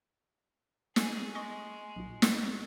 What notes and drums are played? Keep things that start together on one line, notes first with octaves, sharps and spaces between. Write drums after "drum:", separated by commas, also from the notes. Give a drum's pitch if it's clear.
G#4, drum: snare
G#3 D#5 C#6
B1 A#2
drum: snare